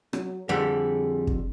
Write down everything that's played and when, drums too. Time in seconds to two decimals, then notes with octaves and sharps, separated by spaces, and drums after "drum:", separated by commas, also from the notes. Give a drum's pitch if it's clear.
0.13 F#3, drum: rim click
0.49 F2 D3 G3 G#4
1.27 drum: kick